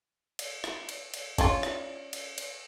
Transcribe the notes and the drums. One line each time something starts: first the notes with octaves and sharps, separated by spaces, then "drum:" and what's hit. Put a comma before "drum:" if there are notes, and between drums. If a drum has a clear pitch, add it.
drum: cymbal
drum: rim click
drum: cymbal
drum: cymbal
C#4 D4 F4, drum: kick G#1, cymbal
drum: rim click
drum: cymbal
drum: cymbal